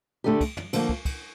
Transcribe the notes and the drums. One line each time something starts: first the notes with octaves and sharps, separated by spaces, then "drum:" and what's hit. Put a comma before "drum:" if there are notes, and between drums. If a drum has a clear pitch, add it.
D3 A3 D4 G4
drum: kick, cymbal
drum: tom
D3 F3 A#3, drum: cymbal
drum: kick
drum: kick, cymbal